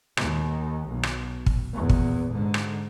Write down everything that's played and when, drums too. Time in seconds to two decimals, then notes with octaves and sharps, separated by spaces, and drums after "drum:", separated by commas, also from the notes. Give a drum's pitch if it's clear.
0.17 D#2, drum: rim click
0.89 B1
1.03 drum: rim click
1.46 drum: kick
1.74 E2 A#2
1.89 drum: kick
2.33 G#2 D3
2.54 drum: rim click